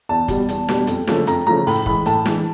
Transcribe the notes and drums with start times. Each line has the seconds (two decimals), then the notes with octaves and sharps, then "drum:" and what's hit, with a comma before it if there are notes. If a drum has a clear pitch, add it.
0.09 E2 A5
0.28 B2 G3, drum: kick, hi-hat
0.49 E2, drum: hi-hat
0.68 B2 G3, drum: snare
0.87 F2, drum: hi-hat
1.07 C#3 F3 A3, drum: snare
1.27 F2 A#5, drum: hi-hat
1.47 C#3 F3 A3 A#5
1.67 A2 B5, drum: open hi-hat
1.86 E3 G#3 B5, drum: kick
2.06 A2 A5, drum: hi-hat
2.26 E3 G#3, drum: snare